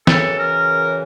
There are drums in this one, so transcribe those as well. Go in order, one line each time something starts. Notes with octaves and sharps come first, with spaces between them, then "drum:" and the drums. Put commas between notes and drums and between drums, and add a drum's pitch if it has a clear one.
F#2 C#3 E3 A4, drum: snare
A#4